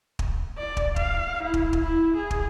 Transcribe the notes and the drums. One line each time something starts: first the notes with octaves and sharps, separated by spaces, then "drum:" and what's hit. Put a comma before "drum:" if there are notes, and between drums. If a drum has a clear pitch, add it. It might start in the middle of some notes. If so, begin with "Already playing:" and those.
drum: kick
D5
drum: kick
F5, drum: kick
E4
drum: kick
drum: kick
E4
G#4
drum: kick